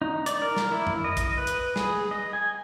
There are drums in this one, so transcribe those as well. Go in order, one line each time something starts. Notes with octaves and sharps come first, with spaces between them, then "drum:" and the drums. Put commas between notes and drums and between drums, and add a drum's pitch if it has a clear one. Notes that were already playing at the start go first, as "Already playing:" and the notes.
D#4
D5, drum: hi-hat
A#4
drum: snare
E4
drum: tom F2
D#5
drum: kick, hi-hat
B4
drum: hi-hat
G#4, drum: snare
D#5
G#5